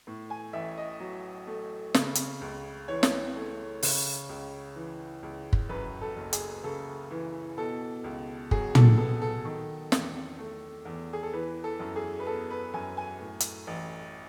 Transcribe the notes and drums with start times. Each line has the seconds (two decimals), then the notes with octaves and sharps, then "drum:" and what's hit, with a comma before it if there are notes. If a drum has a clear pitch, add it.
0.07 A2
0.30 G#5
0.53 A1 E5
0.78 D#5
1.00 F#3
1.47 A3
1.94 C#3, drum: snare
2.15 drum: hi-hat
2.41 C#2
2.88 E3 C#5
3.03 drum: snare
3.36 A3
3.83 C#3, drum: open hi-hat
4.29 C#2
4.75 E3
5.23 C#2
5.53 drum: kick
5.69 F#2 B4
6.01 A4
6.16 F#1
6.33 G#4, drum: hi-hat
6.64 C#3 A4
7.10 E3
7.57 B2 A4
8.04 C#2
8.51 F#3 G#4, drum: kick
8.75 A4, drum: tom
8.98 B3 A4
9.22 A4
9.45 D#3
9.92 E2, drum: snare
10.39 A3
10.85 E2
11.13 G#4
11.23 A4
11.33 E3 B4
11.64 A4
11.80 F#2
11.96 G#4
12.19 B4
12.27 B3 A4
12.50 B4
12.74 F#2 G#5
12.97 G#5
13.20 A2
13.40 drum: hi-hat
13.67 A1